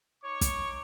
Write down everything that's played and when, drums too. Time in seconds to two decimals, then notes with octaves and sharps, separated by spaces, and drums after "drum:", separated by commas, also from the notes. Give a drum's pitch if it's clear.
0.24 D#4 C#5 C#6 D6
0.41 drum: kick, hi-hat